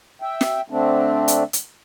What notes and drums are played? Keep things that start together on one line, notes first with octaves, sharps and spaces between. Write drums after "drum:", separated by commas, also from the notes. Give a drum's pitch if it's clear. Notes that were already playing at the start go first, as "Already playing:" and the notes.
E5 G5
drum: snare
D3 A3 C4 D4
drum: hi-hat
drum: hi-hat